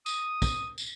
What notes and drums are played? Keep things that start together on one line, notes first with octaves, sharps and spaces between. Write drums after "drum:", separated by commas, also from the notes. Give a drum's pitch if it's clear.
D#6, drum: tambourine
drum: kick, tambourine
drum: tambourine